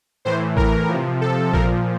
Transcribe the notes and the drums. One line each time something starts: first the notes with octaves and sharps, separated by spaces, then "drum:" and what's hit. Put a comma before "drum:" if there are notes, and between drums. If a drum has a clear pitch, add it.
A2 E3 C5
A#4, drum: kick A1
C3 F3
A4
A#2 F3 A#4, drum: kick A1